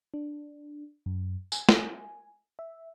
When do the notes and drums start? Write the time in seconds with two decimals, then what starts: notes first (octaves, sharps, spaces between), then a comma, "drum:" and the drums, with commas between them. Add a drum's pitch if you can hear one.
0.14 D4
1.06 F#2
1.52 G#5, drum: tambourine
1.69 drum: snare
2.59 E5